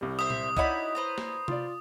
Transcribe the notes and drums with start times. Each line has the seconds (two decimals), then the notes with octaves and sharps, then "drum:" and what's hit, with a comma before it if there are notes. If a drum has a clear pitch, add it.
0.01 C2 G3
0.19 C5 E5 D#6
0.30 drum: tom A#2
0.57 D#4 E4 F#4 C#5 D5 B5, drum: kick C2
0.95 B4 C5 A#5
1.18 drum: snare
1.48 F4 D5, drum: tom C3